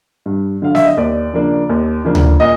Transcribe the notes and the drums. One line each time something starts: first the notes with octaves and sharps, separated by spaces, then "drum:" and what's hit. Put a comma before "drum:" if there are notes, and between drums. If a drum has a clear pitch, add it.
G2
D3 F#3 F5
E5, drum: snare B3
D#5
D#2 D5
C#3 F3 A#3 D4
D#2
C#3 F3 A#3 D4
drum: tom D2
A#2 D#5